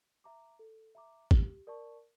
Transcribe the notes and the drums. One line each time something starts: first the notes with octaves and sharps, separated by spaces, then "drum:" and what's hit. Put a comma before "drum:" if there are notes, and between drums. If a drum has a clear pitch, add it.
E5 A#5 D6
A4
E5 A#5 D6
G4, drum: kick
A#4 D5 A5 C#6